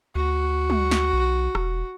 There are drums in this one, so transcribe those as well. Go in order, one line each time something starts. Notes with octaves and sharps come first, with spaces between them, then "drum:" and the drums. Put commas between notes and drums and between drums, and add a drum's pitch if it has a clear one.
D2 F#4
drum: tom G3
drum: snare
B1
E1, drum: rim click